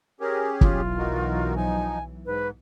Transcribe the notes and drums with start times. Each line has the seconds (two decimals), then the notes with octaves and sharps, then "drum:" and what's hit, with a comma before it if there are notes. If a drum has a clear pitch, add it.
0.20 C#4 G4 G#4 A#4
0.61 B1 E3 F#3 F4, drum: kick
0.98 D#4 F#4 A#4
1.56 F3 D#4 G#5
2.26 G#2 B4